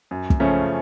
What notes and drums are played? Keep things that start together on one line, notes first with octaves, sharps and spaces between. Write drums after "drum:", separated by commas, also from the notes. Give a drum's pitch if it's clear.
F#2
drum: kick
C#3 F3 A3 C#4